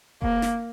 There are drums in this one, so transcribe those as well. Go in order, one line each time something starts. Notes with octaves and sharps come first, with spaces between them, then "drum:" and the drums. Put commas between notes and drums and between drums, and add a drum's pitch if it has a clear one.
A#3, drum: kick F1
drum: snare